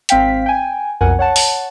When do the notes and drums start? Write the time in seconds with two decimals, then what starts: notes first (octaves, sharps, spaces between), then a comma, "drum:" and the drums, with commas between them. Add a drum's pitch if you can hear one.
0.09 G#1 C4 F5 G5 B6, drum: hi-hat
0.46 G5 G#5
1.01 B1 F2 A#4 F#5 G#5
1.19 C#5 F#5 A5
1.36 drum: open hi-hat